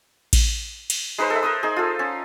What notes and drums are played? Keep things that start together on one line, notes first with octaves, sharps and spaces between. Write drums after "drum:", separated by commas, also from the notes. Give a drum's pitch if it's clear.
drum: kick A1, cymbal
drum: cymbal
G#3 D#4 B4 C5
A4 E5
A#4 C5 D#6
D#4 G#4
F4 A4
C#4